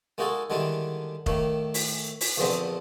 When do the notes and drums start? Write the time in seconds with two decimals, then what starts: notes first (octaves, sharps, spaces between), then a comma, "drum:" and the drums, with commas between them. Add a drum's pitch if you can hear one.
0.18 G#3 A#3 D#4 F#4 G#4 A4
0.50 D3 D#3 G3 G#3 D4 E4
1.26 A2 D#3 A3 A#3, drum: kick F1
1.74 drum: open hi-hat
2.21 drum: open hi-hat
2.37 A#1 E2 D3 F3 C4 D#5